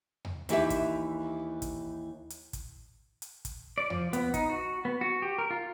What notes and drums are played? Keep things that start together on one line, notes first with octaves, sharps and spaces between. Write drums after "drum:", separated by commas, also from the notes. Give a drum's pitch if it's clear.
drum: tom E2
D#2 E3 G4 E5, drum: hi-hat
drum: kick, hi-hat
drum: kick, hi-hat
drum: hi-hat
drum: kick, hi-hat
drum: hi-hat
drum: kick, hi-hat
D5
F3, drum: tom E2
B3, drum: hi-hat
D#4, drum: kick, hi-hat
F#4
B3
F#4
G4
A#4
F4